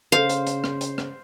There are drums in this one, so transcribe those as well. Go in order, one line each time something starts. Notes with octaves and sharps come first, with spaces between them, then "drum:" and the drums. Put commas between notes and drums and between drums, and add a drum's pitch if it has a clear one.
C#3 C5 F5
drum: hi-hat
drum: hi-hat
drum: rim click
drum: hi-hat
drum: rim click